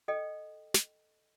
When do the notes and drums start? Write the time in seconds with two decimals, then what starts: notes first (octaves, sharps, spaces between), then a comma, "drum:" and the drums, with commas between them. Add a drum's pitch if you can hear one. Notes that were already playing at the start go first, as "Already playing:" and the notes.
0.08 A4 D#5 G5
0.74 drum: snare